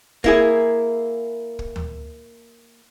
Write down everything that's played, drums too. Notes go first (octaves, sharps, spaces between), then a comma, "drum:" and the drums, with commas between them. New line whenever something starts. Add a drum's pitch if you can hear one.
A#3 E4 G#4, drum: kick
drum: kick
drum: tom D2